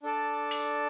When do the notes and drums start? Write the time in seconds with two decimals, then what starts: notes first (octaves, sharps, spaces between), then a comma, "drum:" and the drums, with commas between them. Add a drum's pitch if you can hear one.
0.03 D4 A4 D5 A5
0.51 drum: open hi-hat